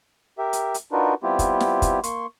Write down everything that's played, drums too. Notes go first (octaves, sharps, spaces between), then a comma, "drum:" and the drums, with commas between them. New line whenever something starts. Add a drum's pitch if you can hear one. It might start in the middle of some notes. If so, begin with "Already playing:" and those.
G4 A#4 E5
drum: hi-hat
drum: hi-hat
D4 D#4 F4 F#4 A#4 B4
G3 B3 C4 E4 F4 G4
drum: kick, hi-hat
drum: snare
drum: kick, hi-hat
A#3 C6 C#6, drum: hi-hat